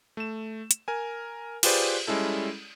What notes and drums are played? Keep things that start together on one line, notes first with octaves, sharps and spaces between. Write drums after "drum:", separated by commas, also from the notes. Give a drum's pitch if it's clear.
A3 E7
drum: hi-hat
A#4 G#5
F4 G4 G#4 B4 C5 D5, drum: cymbal
G3 G#3 C#4 E4 A4